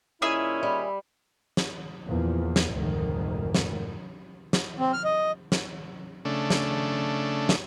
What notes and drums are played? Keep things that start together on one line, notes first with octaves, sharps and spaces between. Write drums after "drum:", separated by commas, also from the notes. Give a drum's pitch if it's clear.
A#2 D#3 C#4 E4 G#4 E5 D#6
G3 B5
drum: snare
E2 A#2 F3
drum: snare
F1 D2 G#2 D#3 G#3
drum: snare
drum: snare
C4
F6
D#5
drum: snare
C#3 A3 D4
drum: snare
drum: snare